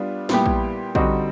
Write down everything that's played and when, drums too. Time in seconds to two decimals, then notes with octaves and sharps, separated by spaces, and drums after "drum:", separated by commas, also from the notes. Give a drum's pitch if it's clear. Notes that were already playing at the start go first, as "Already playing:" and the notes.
Already playing: G3 B3 D4 F4
0.29 A#2 G3 B3 E4 G4, drum: snare
0.46 drum: kick A#1
0.95 D3 G3 C4 D#4 F#4, drum: kick A#1